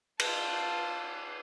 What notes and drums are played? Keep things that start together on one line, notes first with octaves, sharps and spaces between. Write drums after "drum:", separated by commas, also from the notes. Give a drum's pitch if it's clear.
F4 A5, drum: cymbal